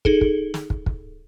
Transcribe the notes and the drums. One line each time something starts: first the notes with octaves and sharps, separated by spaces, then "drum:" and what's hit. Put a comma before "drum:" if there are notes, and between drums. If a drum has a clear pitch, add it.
D#4 G#4 A4, drum: kick
drum: kick
drum: snare
drum: kick
drum: kick